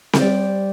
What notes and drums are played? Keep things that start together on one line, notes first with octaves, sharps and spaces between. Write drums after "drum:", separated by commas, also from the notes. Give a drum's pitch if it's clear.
C5, drum: snare C4
G3 D5